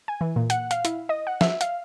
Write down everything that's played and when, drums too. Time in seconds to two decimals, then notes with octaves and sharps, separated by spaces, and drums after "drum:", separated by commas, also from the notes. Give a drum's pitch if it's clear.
0.08 G#5
0.21 E3
0.36 A#2
0.50 F#5, drum: hi-hat
0.71 F5, drum: hi-hat
0.85 E4, drum: hi-hat
1.09 D#5
1.27 F#5
1.41 E5, drum: snare
1.61 F5, drum: hi-hat